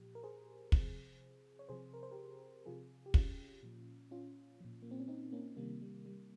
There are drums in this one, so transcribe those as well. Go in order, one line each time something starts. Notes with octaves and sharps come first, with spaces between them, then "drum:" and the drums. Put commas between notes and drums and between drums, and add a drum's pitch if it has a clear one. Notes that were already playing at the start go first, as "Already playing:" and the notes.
Already playing: A#2 F3 G4
A#4
G#4 C5
C3 F3, drum: kick
C#5
C3 F3 G#4 C5
A#4
C5
G4 A#4
C3 F3 F4 G#4
G4
C#4 F4, drum: kick
A#2 F3
C#4 F4
A#2 F3
A#3
C4
C#4
C4 D#4
A#3 C#4
C3 D#3 G3 A#3
G3
G3